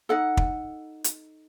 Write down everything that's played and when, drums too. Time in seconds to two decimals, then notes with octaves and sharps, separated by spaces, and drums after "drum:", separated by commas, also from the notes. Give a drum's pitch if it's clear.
0.09 D#4 A4 F#5
0.37 drum: kick
1.04 drum: hi-hat